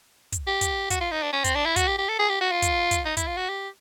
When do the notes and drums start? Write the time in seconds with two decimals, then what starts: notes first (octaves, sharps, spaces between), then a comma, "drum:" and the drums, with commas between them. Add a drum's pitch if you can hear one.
0.32 drum: kick, hi-hat
0.47 G4
0.61 drum: kick, hi-hat
0.90 F#4, drum: kick, hi-hat
1.01 F4
1.11 D#4
1.23 D4
1.33 C#4
1.44 C4, drum: kick, hi-hat
1.55 D4
1.65 E4
1.76 F#4, drum: kick, hi-hat
1.87 G4
1.98 G4
2.09 A4
2.19 G#4
2.29 G4
2.41 F#4
2.52 F4
2.62 drum: kick, hi-hat
2.91 drum: kick, hi-hat
3.06 D#4
3.17 E4, drum: kick, hi-hat
3.27 F4
3.37 F#4
3.49 G4